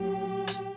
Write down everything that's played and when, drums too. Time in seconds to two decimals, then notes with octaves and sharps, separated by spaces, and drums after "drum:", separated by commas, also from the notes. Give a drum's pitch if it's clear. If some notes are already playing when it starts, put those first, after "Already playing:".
Already playing: A#1 A2 F#3 G4
0.47 drum: hi-hat